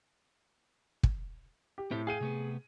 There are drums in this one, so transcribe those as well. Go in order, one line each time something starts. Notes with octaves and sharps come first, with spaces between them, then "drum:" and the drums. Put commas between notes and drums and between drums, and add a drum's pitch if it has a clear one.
drum: kick
G4
A2 C4 G4 A4
G#4 F5 G5 D#7
C3 A3 B3